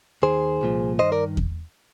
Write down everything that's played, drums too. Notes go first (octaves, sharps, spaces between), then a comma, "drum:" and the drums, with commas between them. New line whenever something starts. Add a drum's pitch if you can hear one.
D#2 D#3 G#4 C5
C2 A#2 F3
G2 D#3 C5 D#5
A#4 D5
drum: kick E2